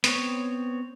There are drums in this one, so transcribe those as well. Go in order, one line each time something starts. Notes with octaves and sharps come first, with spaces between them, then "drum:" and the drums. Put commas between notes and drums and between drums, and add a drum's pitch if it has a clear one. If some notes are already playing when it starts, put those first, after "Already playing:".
B3 C4 C#5, drum: hi-hat